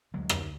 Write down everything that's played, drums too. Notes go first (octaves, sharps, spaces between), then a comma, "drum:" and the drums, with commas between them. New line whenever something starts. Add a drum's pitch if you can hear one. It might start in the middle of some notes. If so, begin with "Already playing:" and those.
D2 D3 F#3 G#3
drum: rim click